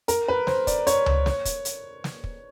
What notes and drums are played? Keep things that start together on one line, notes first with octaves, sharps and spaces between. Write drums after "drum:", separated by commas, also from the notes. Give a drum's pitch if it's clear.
A#4, drum: hi-hat
B4
C5, drum: snare
D5, drum: kick, hi-hat
C#5, drum: hi-hat
drum: tom C#2
C#5, drum: snare
drum: kick, hi-hat
drum: hi-hat
drum: snare
drum: kick